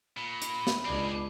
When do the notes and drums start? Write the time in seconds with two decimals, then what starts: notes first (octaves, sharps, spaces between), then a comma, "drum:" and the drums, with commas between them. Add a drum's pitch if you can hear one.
0.17 A#2 B5
0.42 drum: hi-hat
0.67 drum: snare
0.85 C#2 C4 D4 G#4